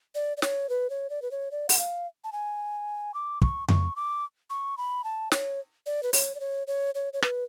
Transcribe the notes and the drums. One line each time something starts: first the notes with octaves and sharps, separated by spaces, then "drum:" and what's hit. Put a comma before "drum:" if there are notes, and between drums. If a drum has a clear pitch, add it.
D5
D5
C#5, drum: snare
B4
C#5
D5
B4
C#5
D5
F#5, drum: open hi-hat
F5
A5
G#5
D6
C#6, drum: kick
C#6, drum: tom F2
D6
C#6
B5
A5
C#5, drum: snare
D5
B4
C#5, drum: open hi-hat
D5
C#5
C#5
C#5
C#5
B4, drum: rim click